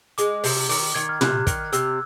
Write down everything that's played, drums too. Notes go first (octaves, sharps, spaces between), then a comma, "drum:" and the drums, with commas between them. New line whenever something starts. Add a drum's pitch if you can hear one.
G#3 D6, drum: hi-hat
C3, drum: open hi-hat
D#3 D6, drum: open hi-hat
D#3 G#6
F6
C3 F#6, drum: tom
D#3, drum: kick, hi-hat
C3 E6, drum: hi-hat